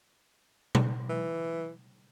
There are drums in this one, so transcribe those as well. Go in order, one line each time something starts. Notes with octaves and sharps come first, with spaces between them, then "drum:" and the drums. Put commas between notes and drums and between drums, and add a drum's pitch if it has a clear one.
drum: tom B2
E3